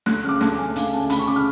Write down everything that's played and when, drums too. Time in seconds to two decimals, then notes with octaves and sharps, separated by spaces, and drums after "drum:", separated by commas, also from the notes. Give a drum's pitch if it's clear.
0.06 D2 F#6, drum: snare
0.23 C#3 F6
0.29 D6
0.41 D2 A5, drum: snare
0.58 C#3 G#5
0.76 D2 F5, drum: hi-hat
0.93 C#3 A5
1.10 D2 B5, drum: hi-hat
1.19 C#6
1.27 C#3 D6
1.36 F6